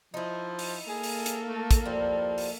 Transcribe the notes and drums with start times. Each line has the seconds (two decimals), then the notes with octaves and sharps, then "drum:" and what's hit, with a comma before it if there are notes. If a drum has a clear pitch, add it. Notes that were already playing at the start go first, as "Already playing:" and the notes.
0.14 F3 D#4 E4
0.59 drum: open hi-hat
0.89 A#3 G#4 A4
1.03 drum: open hi-hat
1.26 drum: hi-hat
1.48 A3
1.71 drum: kick, hi-hat
1.85 F3 G3 E4
2.38 drum: open hi-hat